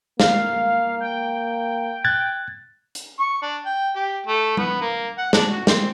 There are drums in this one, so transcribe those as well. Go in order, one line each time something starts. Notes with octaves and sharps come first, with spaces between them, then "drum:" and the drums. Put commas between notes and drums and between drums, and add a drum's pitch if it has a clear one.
A#3 F5, drum: snare
G5
F#6 G#6 A6
drum: hi-hat
C#6
D4
G5
G4
A3
B3, drum: tom G3
A#3
F#5
D4, drum: snare
F#4
C4, drum: snare